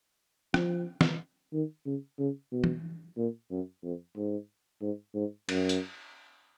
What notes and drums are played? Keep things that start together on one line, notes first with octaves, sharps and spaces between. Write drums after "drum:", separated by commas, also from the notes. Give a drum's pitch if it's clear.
F3, drum: rim click
drum: snare E3
D#3
C#3
C#3
B2
drum: tom E3
A#2
F#2
F2
G#2
G#2
G#2
F#2, drum: cymbal
drum: hi-hat